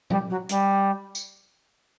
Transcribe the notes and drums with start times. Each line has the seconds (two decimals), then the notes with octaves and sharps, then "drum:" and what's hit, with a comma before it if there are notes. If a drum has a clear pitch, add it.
0.10 G3, drum: tom
0.30 F#3
0.49 G3, drum: hi-hat
1.15 drum: tambourine